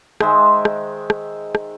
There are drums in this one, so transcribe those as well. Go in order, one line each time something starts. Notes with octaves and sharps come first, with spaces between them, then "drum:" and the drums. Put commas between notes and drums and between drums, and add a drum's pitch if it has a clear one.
D#3 G#3 C5 E5, drum: rim click
drum: rim click
drum: rim click
drum: rim click